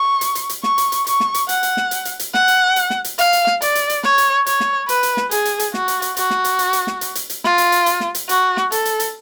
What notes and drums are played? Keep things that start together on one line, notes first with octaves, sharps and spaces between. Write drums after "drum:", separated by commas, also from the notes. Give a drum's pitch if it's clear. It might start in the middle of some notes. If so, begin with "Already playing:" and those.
Already playing: C#6
drum: hi-hat
drum: hi-hat
drum: hi-hat
C#6, drum: snare
drum: hi-hat
drum: hi-hat
C#6, drum: hi-hat
drum: snare
drum: hi-hat
F#5, drum: hi-hat
drum: hi-hat
drum: snare
drum: hi-hat
drum: hi-hat
drum: hi-hat
F#5, drum: snare
drum: hi-hat
drum: hi-hat
drum: snare
drum: hi-hat
F5, drum: hi-hat
drum: hi-hat
drum: snare
D5, drum: hi-hat
drum: hi-hat
drum: hi-hat
C#5, drum: snare
drum: hi-hat
C#5, drum: hi-hat
drum: snare
B4, drum: hi-hat
drum: hi-hat
drum: snare
G#4, drum: hi-hat
drum: hi-hat
drum: hi-hat
F#4, drum: snare
drum: hi-hat
drum: hi-hat
F#4, drum: hi-hat
drum: snare
drum: hi-hat
drum: hi-hat
drum: hi-hat
drum: snare
drum: hi-hat
drum: hi-hat
drum: hi-hat
F4, drum: snare
drum: hi-hat
drum: hi-hat
drum: hi-hat
drum: snare
drum: hi-hat
F#4, drum: hi-hat
drum: snare
A4, drum: hi-hat
drum: hi-hat
drum: hi-hat